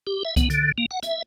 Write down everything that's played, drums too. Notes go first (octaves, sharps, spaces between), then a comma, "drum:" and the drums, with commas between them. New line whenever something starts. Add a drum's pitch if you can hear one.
G4
E5
B3, drum: kick C2, hi-hat
D3, drum: hi-hat
A#3
F#5
E5, drum: hi-hat